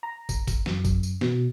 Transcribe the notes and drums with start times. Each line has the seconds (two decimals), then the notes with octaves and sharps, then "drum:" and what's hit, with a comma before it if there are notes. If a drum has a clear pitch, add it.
0.03 A#5
0.29 drum: kick, tambourine
0.47 drum: kick, tambourine
0.66 F#2, drum: snare
0.85 drum: kick, tambourine
1.03 drum: tambourine
1.21 B2, drum: snare